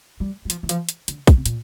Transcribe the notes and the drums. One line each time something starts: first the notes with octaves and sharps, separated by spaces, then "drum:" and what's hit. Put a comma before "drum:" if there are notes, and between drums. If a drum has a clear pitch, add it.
G3
G3
F3, drum: hi-hat
E3
F3, drum: hi-hat
drum: hi-hat
D3, drum: hi-hat
drum: kick, hi-hat
C3
A#2, drum: hi-hat